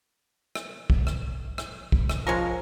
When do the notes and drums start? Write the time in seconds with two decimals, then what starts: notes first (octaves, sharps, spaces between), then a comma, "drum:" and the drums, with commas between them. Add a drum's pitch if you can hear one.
0.55 drum: rim click
0.90 drum: kick
1.07 drum: rim click
1.58 drum: rim click
1.92 drum: kick
2.10 drum: rim click
2.27 F3 G#3 C#4 A#4